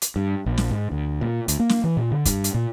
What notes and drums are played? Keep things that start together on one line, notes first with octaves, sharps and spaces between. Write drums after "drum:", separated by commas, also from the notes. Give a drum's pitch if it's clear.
drum: hi-hat
G2
A#1
drum: snare
G#2
D2
A#2
D2, drum: hi-hat
A#3
drum: snare
E3
A#2
D3
G2, drum: kick, hi-hat
drum: hi-hat
A#2